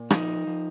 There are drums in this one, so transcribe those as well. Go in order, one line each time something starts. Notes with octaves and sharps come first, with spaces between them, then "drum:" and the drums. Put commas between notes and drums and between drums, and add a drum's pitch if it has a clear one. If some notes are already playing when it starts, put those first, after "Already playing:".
Already playing: A#2
F3 D#4, drum: rim click
F3